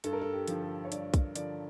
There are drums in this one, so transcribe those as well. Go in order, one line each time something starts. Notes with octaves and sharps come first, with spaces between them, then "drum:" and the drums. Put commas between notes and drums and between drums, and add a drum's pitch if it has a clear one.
G2 A4, drum: hi-hat
A#4
A4
G4
D3 F3, drum: hi-hat
A4
C#5
G2 D5, drum: hi-hat
drum: kick B1, hi-hat
D3 F3 D5, drum: hi-hat